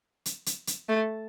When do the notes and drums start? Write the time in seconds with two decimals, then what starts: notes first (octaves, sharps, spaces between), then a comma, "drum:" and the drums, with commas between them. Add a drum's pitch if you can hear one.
0.26 drum: hi-hat
0.46 drum: hi-hat
0.67 drum: hi-hat
0.89 A3